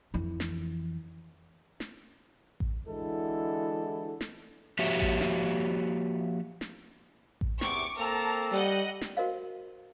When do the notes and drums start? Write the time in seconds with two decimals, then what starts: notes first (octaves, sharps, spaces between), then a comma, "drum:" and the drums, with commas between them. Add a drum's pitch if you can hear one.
0.14 F2 E3
0.40 drum: snare
1.80 drum: snare
2.60 drum: kick A1
2.87 D3 E3 G#3 E4 F#4 A4
4.21 drum: snare
4.79 F3 A#3 F#4 G4 C#5 E5
5.01 drum: kick A1
5.21 drum: snare
6.61 drum: snare
7.41 drum: kick A1
7.61 E2 C3 C#6 D6, drum: snare
7.98 A#3 C4 A4 A5 A#5
8.53 G3 D#5 F#5
9.01 drum: snare
9.17 F#4 A#4 C5 D#5 F5